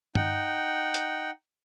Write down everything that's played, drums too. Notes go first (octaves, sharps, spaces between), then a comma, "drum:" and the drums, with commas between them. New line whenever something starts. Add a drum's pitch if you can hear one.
D#4 F#5 G5, drum: tom G2
drum: hi-hat